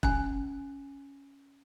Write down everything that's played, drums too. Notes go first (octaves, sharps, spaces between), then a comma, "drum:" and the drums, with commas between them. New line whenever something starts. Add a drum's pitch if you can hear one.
C#4 G#5, drum: kick E1